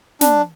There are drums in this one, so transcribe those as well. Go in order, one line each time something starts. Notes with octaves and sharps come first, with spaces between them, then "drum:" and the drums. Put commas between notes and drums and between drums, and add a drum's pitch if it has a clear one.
D4, drum: snare